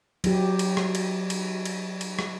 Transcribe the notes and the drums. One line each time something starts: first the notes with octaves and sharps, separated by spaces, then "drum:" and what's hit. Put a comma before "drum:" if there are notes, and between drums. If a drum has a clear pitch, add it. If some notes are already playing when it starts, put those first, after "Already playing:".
F#3 G4, drum: cymbal
drum: cymbal
drum: rim click
drum: cymbal
drum: cymbal
drum: cymbal
drum: cymbal
drum: rim click